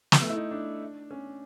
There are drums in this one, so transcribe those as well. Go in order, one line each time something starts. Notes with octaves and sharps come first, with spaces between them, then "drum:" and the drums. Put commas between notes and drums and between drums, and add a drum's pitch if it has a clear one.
drum: snare
A3
E4
D#4
D4
C#4